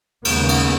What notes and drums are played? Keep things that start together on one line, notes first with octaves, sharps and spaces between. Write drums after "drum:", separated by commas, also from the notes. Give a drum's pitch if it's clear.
D#2 C#3 G#3 B3, drum: cymbal
drum: cymbal